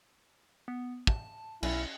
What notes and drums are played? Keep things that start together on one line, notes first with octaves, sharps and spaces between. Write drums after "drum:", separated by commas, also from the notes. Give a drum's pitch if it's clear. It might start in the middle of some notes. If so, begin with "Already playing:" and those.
B3
A5, drum: kick
B1 C#4 E4, drum: cymbal